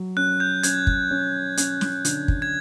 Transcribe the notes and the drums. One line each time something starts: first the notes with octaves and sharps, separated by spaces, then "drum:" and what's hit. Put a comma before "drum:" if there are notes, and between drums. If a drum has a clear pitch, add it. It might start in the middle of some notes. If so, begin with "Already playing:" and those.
Already playing: F#3
C#4 F#6
G6
C#4 G#6, drum: hi-hat
drum: kick
C#4
C#4, drum: hi-hat
drum: snare
D3, drum: hi-hat
drum: kick
G#6